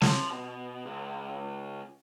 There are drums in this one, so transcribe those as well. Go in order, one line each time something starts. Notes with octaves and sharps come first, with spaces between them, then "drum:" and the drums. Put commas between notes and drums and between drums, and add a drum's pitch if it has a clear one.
A5 C6, drum: snare
B2
C#2